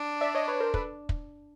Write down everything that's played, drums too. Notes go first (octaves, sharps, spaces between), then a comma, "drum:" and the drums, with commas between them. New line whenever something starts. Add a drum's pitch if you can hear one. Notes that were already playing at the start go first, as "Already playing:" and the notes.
Already playing: D4
D5 E5
C#5 D#5
B4 C#5
A#4 C5
A4 B4, drum: kick
drum: kick